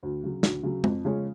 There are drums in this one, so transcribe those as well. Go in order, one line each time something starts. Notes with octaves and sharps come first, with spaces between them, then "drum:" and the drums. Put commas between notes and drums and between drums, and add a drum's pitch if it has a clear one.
D2
C#3 F#3
D2, drum: snare
C#3 F#3
F2, drum: tom G#3
C#3 F3 G#3 C#4